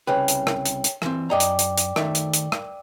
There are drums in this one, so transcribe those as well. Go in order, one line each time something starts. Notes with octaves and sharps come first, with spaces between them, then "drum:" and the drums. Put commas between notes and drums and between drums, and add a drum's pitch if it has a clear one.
C2 C#3 B4 C#5 G5
drum: hi-hat
drum: rim click
drum: hi-hat
drum: hi-hat
E3 C4, drum: rim click
F#2 D5 D#5 G5 A#5 D6
drum: hi-hat
drum: hi-hat
drum: hi-hat
D#3 A3 E5, drum: rim click
drum: hi-hat
drum: hi-hat
drum: rim click